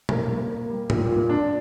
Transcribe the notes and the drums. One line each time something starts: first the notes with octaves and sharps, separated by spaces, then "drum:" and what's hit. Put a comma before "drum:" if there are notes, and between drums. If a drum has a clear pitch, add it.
A#3, drum: tom
A#3
A#3
G3
A#2, drum: tom A2
A#2
D4